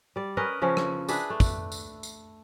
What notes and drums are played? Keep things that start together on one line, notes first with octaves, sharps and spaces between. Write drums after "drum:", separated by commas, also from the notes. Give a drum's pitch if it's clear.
G3 D5
C#4 A#4 B4 D#5
C#3 F3 C#4
drum: rim click
D4 G#4 B4 E5, drum: tambourine
A3
drum: kick, tambourine
drum: tambourine
drum: tambourine